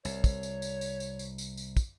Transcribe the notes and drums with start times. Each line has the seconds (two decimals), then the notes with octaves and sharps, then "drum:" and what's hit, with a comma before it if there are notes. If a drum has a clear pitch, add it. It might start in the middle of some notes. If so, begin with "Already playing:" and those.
0.05 C2 C#5, drum: tambourine
0.24 drum: kick, tambourine
0.43 drum: tambourine
0.62 drum: tambourine
0.81 drum: tambourine
1.00 drum: tambourine
1.19 drum: tambourine
1.38 drum: tambourine
1.57 drum: tambourine
1.77 drum: kick, tambourine